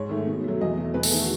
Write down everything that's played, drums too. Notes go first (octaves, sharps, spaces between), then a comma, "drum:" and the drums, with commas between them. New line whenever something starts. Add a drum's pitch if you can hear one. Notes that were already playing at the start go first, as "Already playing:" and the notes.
Already playing: G#2 C#5
D#3 A3
B2
F#3 A3
E2 D#5
B2 A3
E2 B4
A4, drum: open hi-hat
D#3 A3 G#4
F#4